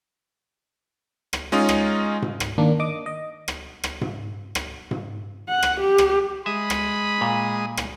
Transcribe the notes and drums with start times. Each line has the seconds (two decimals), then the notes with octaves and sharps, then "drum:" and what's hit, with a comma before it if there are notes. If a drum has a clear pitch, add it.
1.33 drum: rim click
1.52 G#3 C#4 D#4 F4 D#6
1.69 drum: rim click
2.22 drum: tom G#2
2.40 drum: rim click
2.58 D#3 A#3 D4
2.79 D#5 D6 D#6
3.06 D#5
3.48 drum: rim click
3.83 drum: rim click
4.01 drum: tom G#2
4.55 drum: rim click
4.91 drum: tom G#2
5.49 F#5
5.63 drum: rim click
5.80 G4
5.98 drum: rim click
6.46 G#3 E5 B5 D#6
6.70 drum: rim click
7.21 A#2
7.77 drum: rim click